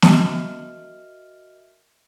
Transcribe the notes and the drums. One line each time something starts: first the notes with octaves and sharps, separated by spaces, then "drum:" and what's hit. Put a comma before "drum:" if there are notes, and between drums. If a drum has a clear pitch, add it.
F#4 A#4 D#5 E5 F6, drum: snare